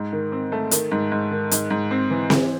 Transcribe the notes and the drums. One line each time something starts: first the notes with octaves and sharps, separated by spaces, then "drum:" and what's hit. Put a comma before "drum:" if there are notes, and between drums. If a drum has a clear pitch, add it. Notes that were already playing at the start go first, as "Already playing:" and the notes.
Already playing: G#2
D#3
C4
A3
D#3, drum: hi-hat
G#2
G#2
D#3
G#2, drum: hi-hat
G#2
C4
E3
E3, drum: snare C4